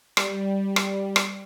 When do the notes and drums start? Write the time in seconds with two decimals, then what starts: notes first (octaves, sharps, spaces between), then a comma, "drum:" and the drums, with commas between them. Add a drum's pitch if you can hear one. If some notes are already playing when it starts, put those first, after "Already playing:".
0.17 G3, drum: rim click
0.76 drum: rim click
1.16 drum: rim click